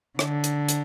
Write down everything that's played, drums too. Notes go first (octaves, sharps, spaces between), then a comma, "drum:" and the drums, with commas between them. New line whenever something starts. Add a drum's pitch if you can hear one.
D3, drum: rim click
drum: hi-hat
drum: hi-hat